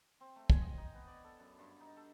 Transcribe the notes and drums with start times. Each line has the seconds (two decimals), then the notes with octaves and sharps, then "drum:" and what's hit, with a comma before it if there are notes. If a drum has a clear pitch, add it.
0.20 C4
0.36 A3
0.50 G#5, drum: kick
0.61 D#5
0.77 D#4
0.94 B3
1.07 D5
1.24 A4
1.39 F#2
1.59 G2
1.80 D#4
1.97 A4